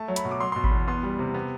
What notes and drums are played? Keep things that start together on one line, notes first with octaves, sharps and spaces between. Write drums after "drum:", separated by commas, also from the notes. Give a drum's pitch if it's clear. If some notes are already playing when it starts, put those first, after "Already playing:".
Already playing: A3 A5
F#3
B5, drum: hi-hat
B2
D6
F#3 C6
B2 C6
B5, drum: kick G#1
E2
B3 C6
G3
C3
B3